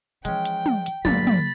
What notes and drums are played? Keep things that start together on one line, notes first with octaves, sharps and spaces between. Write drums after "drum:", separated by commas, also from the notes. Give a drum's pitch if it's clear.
E3 F3 G#3 C#4 G5, drum: hi-hat
drum: hi-hat
drum: tom
drum: hi-hat
G1 A#2 F#3 A#3 B5 A6, drum: tom
drum: tom